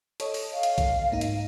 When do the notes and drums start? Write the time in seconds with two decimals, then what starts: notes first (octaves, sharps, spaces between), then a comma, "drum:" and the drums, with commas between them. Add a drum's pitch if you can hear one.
0.20 A4 C#5 D#5, drum: hi-hat
0.34 drum: open hi-hat
0.54 F5
0.63 drum: hi-hat
0.78 drum: kick, hi-hat
1.11 G#2 A#3 D#4
1.21 drum: hi-hat